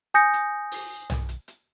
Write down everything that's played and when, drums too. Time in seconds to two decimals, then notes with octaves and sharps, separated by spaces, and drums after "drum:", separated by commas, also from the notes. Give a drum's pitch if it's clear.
0.14 G#5 D#6 G6 A#6 C#7, drum: hi-hat
0.33 drum: hi-hat
0.72 drum: open hi-hat
1.10 drum: tom B1
1.29 drum: hi-hat
1.48 drum: hi-hat